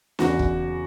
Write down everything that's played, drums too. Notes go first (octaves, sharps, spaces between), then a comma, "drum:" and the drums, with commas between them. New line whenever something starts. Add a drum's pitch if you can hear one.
E2 C#3 E3 F#4, drum: snare
drum: kick